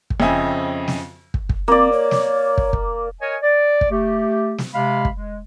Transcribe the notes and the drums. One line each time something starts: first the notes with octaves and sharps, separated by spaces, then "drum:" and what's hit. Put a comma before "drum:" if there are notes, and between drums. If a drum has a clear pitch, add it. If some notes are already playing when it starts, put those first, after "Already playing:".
drum: kick
F2 C#3 C4 D#5 E5 G#5
drum: snare
drum: kick
drum: kick
A#3 C4 D5
C#5
drum: snare
drum: kick
drum: kick
A#4 C#5 D#5 G#5
D5
drum: kick
A3 G4
drum: snare
C3 G#3 F5 B5
drum: kick
G#3